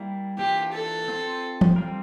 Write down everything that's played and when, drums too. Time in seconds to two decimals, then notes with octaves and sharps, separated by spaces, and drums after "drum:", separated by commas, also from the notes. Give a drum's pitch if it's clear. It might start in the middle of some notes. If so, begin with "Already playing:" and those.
Already playing: G3 A#3 E4
0.38 E3 A#3 D4 F4 G4
0.73 A4
1.08 C4 F4 C5
1.61 drum: tom E3
1.76 G3 C4 F4 A#4